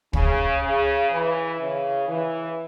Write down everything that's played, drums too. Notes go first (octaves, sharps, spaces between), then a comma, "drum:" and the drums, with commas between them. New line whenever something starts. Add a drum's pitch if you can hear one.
C#3, drum: kick
C#3
E3
C#3
E3